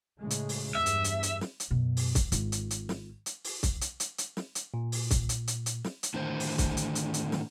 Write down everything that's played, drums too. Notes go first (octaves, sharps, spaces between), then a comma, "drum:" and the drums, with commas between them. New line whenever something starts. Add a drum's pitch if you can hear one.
A2 C#3 G#3
drum: hi-hat
drum: open hi-hat
E2 G2 E5
drum: hi-hat
drum: hi-hat
drum: hi-hat
drum: snare
drum: hi-hat
F#2 B2
drum: open hi-hat
drum: kick, hi-hat
G#1 F4, drum: hi-hat
drum: hi-hat
drum: hi-hat
drum: snare
drum: hi-hat
drum: open hi-hat
drum: kick, hi-hat
drum: hi-hat
drum: hi-hat
drum: hi-hat
drum: snare
drum: hi-hat
A#2
drum: open hi-hat
drum: kick, hi-hat
drum: hi-hat
drum: hi-hat
drum: hi-hat
drum: snare
drum: hi-hat
A2 D3 D#3 C5
drum: open hi-hat
drum: kick, hi-hat
drum: hi-hat
drum: hi-hat
drum: hi-hat
drum: snare